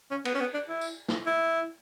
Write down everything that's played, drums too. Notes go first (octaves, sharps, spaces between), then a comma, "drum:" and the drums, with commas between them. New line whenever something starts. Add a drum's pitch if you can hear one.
C#4
B3, drum: cymbal
C#4
B3
D4
E4
drum: tambourine
drum: snare
E4